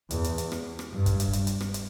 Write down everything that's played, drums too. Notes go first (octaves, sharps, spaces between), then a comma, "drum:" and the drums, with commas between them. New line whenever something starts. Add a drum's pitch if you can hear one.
E2, drum: hi-hat
drum: hi-hat
drum: hi-hat
drum: rim click
drum: rim click
G2
drum: kick, hi-hat
drum: hi-hat
drum: hi-hat
drum: hi-hat
drum: rim click
drum: hi-hat